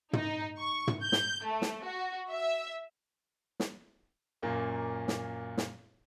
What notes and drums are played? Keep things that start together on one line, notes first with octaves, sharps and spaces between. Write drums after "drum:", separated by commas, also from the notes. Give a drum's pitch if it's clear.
D#4, drum: tom
C#6
drum: tom
G6
drum: snare
A3
drum: snare
F#4
E5
drum: snare
F#2 A#2 A#3
drum: snare
drum: snare